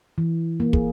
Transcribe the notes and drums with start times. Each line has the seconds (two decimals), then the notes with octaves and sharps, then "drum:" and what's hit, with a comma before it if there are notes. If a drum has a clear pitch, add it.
0.18 E3
0.60 A#3
0.73 G#4, drum: kick